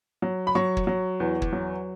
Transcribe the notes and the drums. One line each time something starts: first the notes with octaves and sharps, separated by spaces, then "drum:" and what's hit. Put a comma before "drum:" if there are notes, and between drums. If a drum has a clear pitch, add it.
F#3
B5
F#3 C#6
drum: kick
F#3
E2
drum: kick
F#3